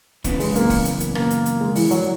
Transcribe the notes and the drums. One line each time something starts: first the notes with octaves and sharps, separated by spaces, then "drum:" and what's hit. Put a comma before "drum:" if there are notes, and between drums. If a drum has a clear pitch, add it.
F#2 C#3 E3 B3, drum: kick, hi-hat
G#3, drum: open hi-hat
A#3, drum: hi-hat
drum: kick, open hi-hat
drum: hi-hat
drum: hi-hat
A#3, drum: rim click
drum: hi-hat
drum: hi-hat
G#3
E3, drum: open hi-hat
F#3, drum: hi-hat